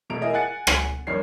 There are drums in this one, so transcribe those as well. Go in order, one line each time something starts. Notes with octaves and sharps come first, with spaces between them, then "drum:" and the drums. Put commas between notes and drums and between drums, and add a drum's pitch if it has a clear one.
E1 B2 A3 A#5 D7 F7
E4 G#4 A#4 D#5 E5
F#5 G#5 F#6 A6 C#7
drum: rim click
F1 G2 D#3 A#4 C#5 C7